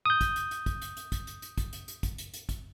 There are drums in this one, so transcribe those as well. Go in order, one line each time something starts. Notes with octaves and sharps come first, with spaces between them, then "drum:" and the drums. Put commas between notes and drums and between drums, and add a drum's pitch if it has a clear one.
D#6 G6
drum: kick, hi-hat
drum: hi-hat
drum: hi-hat
drum: kick, hi-hat
drum: hi-hat
drum: hi-hat
drum: kick, hi-hat
drum: hi-hat
drum: hi-hat
drum: kick, hi-hat
drum: hi-hat
drum: hi-hat
drum: kick, hi-hat
drum: hi-hat
drum: hi-hat
drum: kick, hi-hat